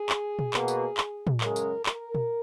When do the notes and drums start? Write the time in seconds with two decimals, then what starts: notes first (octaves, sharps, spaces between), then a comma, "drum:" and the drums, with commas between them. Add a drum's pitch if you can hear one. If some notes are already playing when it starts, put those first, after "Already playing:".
Already playing: G#4
0.09 drum: clap
0.39 drum: tom A#2
0.54 B2 A#3, drum: clap
0.68 drum: tambourine
0.97 drum: clap
1.27 drum: tom
1.41 F#2 C#3 G#3 A#4, drum: clap
1.56 drum: tambourine
1.86 A#4, drum: clap
2.15 drum: tom A#2